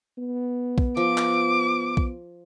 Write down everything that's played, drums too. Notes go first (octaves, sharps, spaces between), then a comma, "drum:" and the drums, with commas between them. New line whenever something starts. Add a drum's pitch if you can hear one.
B3
drum: kick
F3 D6
drum: clap
drum: kick